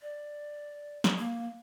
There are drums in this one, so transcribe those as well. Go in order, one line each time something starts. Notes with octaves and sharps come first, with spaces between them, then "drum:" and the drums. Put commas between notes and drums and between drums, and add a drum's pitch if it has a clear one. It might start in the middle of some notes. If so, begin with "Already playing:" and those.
D5
drum: snare
A#3